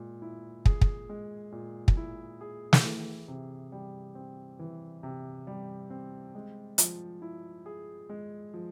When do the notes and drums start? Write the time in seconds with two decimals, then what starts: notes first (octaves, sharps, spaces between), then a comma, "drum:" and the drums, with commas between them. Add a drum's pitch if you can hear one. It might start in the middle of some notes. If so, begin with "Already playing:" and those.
Already playing: A#2 G#3
0.22 E4
0.66 G#4, drum: kick
0.81 drum: kick
1.09 G#3
1.52 A#2
1.88 drum: kick
1.97 E4
2.41 G#4
2.73 drum: snare
2.84 E3
3.28 C3
3.72 G3
4.15 C4
4.59 E3
5.03 C3
5.47 G3
5.90 C4
6.35 G#3
6.78 F3, drum: hi-hat
7.22 E4
7.66 G#4
8.09 G#3
8.54 F3